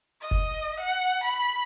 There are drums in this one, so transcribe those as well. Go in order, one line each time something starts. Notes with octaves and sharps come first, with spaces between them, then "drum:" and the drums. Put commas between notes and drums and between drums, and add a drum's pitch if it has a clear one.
D#5
drum: kick F1
F#5
B5